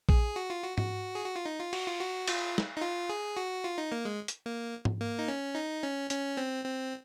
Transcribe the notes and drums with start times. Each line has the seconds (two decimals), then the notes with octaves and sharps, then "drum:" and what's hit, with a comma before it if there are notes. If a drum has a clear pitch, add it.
0.09 G#4, drum: kick A#1
0.36 F#4
0.50 F4
0.63 F#4
0.78 F#4, drum: tom G#2
1.15 G#4
1.25 F#4
1.36 F4
1.46 D#4
1.59 F4
1.73 F#4, drum: cymbal
1.87 F4
2.00 F#4
2.28 F4, drum: cymbal
2.58 drum: snare
2.77 D#4
2.82 F4
3.09 G#4
3.37 F#4
3.64 F4
3.78 D#4
3.92 A#3
4.05 G#3
4.28 drum: hi-hat
4.46 A#3
4.85 drum: tom G#2
5.00 A#3
5.19 D#4
5.28 C#4
5.55 D#4
5.83 C#4
6.10 C#4, drum: hi-hat
6.37 C4
6.65 C4